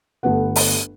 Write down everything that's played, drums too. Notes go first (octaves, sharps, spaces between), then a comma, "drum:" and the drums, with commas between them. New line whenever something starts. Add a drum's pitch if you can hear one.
G1 A3 B3 B4 F#5
drum: open hi-hat